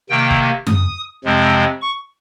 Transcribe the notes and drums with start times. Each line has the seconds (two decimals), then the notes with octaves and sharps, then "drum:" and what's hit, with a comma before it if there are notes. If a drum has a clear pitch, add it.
0.09 C3 D#3 A#3 G5
0.31 drum: kick G1
0.67 D#6, drum: tom F#2
1.24 F2 C3 F3 G#3 C4
1.81 C#6